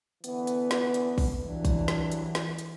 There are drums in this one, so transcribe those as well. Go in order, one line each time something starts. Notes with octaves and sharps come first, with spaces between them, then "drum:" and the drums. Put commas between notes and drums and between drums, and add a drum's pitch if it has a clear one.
D3 E3 B3, drum: hi-hat
drum: hi-hat
drum: snare
drum: hi-hat
drum: kick, open hi-hat
G2 E3 F#3 D4
drum: kick, hi-hat
drum: snare
drum: hi-hat
drum: snare
drum: hi-hat